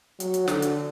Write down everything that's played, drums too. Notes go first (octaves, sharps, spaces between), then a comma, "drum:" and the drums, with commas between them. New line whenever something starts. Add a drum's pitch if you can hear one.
F#3, drum: hi-hat
drum: hi-hat
D3, drum: snare
drum: hi-hat